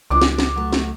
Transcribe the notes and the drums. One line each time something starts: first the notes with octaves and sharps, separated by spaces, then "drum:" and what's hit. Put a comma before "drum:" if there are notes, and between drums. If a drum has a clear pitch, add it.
C#2 F3 G3 D4 D6
drum: snare
drum: snare
F#3 A3
drum: snare